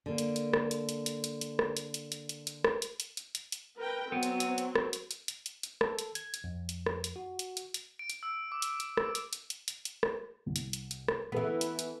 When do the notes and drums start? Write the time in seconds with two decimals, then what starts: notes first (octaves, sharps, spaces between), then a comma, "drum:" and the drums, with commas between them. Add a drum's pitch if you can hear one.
0.06 D3 A#3
0.18 drum: hi-hat
0.36 drum: hi-hat
0.53 drum: rim click
0.71 drum: hi-hat
0.89 drum: hi-hat
1.06 drum: hi-hat
1.24 drum: hi-hat
1.41 drum: hi-hat
1.59 drum: rim click
1.77 drum: hi-hat
1.94 drum: hi-hat
2.12 drum: hi-hat
2.29 drum: hi-hat
2.47 drum: hi-hat
2.64 drum: rim click
2.82 drum: hi-hat
3.00 drum: hi-hat
3.17 drum: hi-hat
3.35 drum: hi-hat
3.52 drum: hi-hat
3.78 A#4 B4 G5
4.12 F#3 B3 C4
4.23 drum: hi-hat
4.40 drum: hi-hat
4.58 drum: hi-hat
4.75 drum: rim click
4.93 drum: hi-hat
5.11 drum: hi-hat
5.28 drum: hi-hat
5.46 drum: hi-hat
5.63 drum: hi-hat
5.81 A4, drum: rim click
5.99 drum: hi-hat
6.15 G#6, drum: hi-hat
6.34 drum: hi-hat
6.44 F2
6.69 drum: hi-hat
6.86 drum: rim click
7.04 drum: hi-hat
7.16 F#4
7.39 drum: hi-hat
7.57 drum: hi-hat
7.74 drum: hi-hat
7.99 D7
8.10 drum: hi-hat
8.23 E6
8.52 D6
8.62 drum: hi-hat
8.80 drum: hi-hat
8.97 drum: rim click
9.15 drum: hi-hat
9.33 drum: hi-hat
9.50 drum: hi-hat
9.68 drum: hi-hat
9.85 drum: hi-hat
10.03 drum: rim click
10.46 C2
10.56 drum: hi-hat
10.73 drum: hi-hat
10.91 drum: hi-hat
11.08 drum: rim click
11.32 E3 B3 A4 B4
11.61 drum: hi-hat
11.79 drum: hi-hat